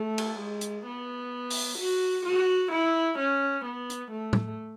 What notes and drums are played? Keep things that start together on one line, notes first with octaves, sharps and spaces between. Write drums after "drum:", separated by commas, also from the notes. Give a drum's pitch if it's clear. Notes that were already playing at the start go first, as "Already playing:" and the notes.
Already playing: A3
drum: cymbal
G#3
drum: hi-hat
B3
drum: open hi-hat
F#4
F#4
E4
C#4
B3
drum: hi-hat
A3
drum: tom A2